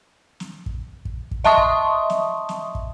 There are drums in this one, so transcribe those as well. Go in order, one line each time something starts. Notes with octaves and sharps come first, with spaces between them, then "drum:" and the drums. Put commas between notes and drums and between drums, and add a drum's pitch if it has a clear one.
drum: snare
drum: kick
drum: kick
drum: kick
D#5 E5 A5 C6 C#6 D#6, drum: snare
drum: kick
drum: snare
drum: snare
drum: kick